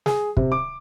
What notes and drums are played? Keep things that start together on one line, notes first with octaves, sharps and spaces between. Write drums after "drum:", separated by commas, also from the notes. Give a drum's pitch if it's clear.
G#4, drum: snare
C3, drum: kick
D6